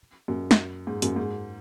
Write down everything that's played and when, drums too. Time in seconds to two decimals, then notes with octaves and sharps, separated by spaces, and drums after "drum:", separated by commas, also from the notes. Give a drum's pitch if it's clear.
0.28 F#2
0.51 drum: snare
0.87 G#2
1.02 F#2, drum: hi-hat
1.16 G#2